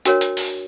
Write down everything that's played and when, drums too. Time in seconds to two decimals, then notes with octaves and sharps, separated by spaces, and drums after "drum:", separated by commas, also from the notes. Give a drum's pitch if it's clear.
0.05 D4 F#4 A#4 C#5, drum: hi-hat
0.21 drum: hi-hat
0.37 drum: open hi-hat